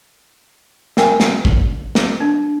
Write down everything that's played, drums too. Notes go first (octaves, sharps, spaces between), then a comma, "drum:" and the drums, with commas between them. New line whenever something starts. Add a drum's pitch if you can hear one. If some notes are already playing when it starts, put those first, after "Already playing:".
A#4 G5 G#5, drum: snare
drum: snare
drum: kick
drum: snare
D4